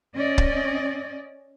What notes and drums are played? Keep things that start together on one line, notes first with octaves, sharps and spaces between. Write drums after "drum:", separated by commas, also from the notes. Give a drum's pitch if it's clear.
C#4 D5 D#5
drum: kick